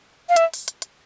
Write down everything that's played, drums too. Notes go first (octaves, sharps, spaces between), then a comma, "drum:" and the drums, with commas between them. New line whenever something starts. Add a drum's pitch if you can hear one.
F5
E5, drum: hi-hat
drum: open hi-hat
drum: hi-hat
drum: hi-hat